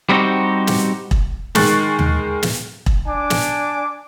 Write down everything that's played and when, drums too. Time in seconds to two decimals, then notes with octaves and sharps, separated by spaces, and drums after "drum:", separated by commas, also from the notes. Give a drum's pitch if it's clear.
0.09 G3 B3 C4 D#4 F#4 G4
0.67 drum: snare
1.11 drum: kick E1
1.55 D#3 G#3 C#6 F#6 A6, drum: snare
1.99 drum: tom D#2
2.43 drum: snare
2.86 drum: kick E1
3.05 D4 G#5 D6
3.30 drum: snare